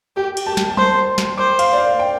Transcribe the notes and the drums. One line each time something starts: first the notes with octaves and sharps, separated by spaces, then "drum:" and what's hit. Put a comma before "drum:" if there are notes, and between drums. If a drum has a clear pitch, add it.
G4 G5
drum: cymbal
G4 A5
drum: snare
A5
C5 C6, drum: tom F#3
drum: snare
C5 D6
F5, drum: cymbal
D5
F5
G5